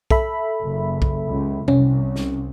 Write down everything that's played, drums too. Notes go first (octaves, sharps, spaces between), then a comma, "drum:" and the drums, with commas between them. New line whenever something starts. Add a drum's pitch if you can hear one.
A4 E5 B5, drum: kick B1
F#1
drum: kick B1
C#2
C2 C#4, drum: tom F2
drum: snare